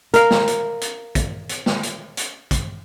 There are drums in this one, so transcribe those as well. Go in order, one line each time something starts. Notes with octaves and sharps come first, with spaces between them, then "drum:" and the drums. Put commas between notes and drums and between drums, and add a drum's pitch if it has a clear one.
A#4 F5, drum: hi-hat
drum: snare
drum: hi-hat
drum: hi-hat
drum: kick, hi-hat
drum: hi-hat
drum: snare
drum: hi-hat
drum: hi-hat
drum: kick, hi-hat